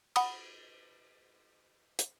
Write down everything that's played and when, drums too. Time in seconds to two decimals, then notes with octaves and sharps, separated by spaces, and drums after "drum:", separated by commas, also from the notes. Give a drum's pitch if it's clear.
0.16 F#5 B5 D#6, drum: cymbal
1.99 drum: hi-hat